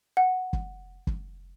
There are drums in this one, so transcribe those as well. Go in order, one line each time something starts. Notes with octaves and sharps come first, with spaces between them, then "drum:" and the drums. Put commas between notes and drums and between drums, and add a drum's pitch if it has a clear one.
F#5
drum: kick
drum: kick